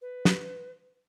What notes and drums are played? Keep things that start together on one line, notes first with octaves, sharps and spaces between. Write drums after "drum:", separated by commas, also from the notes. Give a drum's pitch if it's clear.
B4
drum: snare